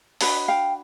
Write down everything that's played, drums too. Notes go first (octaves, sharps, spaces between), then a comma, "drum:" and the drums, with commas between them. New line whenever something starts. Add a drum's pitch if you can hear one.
D4 F#4 B4 C#5 D#5, drum: open hi-hat
F5 G5